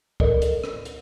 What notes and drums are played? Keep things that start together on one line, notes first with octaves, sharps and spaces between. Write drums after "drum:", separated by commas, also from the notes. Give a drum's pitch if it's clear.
A4 A#4 D5 D#5, drum: kick C#2
drum: hi-hat
drum: rim click
drum: hi-hat